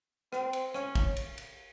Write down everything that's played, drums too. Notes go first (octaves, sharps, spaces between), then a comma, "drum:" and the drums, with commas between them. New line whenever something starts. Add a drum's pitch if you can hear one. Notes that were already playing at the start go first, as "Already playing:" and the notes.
C4, drum: rim click
drum: cymbal
C#4, drum: rim click
drum: kick, cymbal
drum: cymbal
drum: cymbal